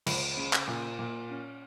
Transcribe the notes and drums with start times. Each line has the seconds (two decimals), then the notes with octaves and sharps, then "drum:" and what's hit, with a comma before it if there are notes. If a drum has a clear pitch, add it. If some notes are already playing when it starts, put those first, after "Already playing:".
0.07 C#2, drum: cymbal
0.37 C#3
0.53 drum: clap
0.68 A#2
0.99 A#2
1.30 C#4